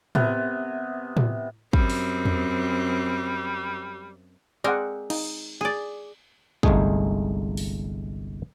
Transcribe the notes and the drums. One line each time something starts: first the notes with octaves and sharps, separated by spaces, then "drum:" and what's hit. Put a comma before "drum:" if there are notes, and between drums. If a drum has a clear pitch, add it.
C3 B3, drum: tom A2
drum: tom A2
F#2 G3 C4, drum: kick
drum: open hi-hat
drum: tom E2
G#3 C4 A#4 D5 F#5
D#4, drum: cymbal
G#4 D5
G1 C2 G#3 A3 D#4 G#4, drum: kick
drum: open hi-hat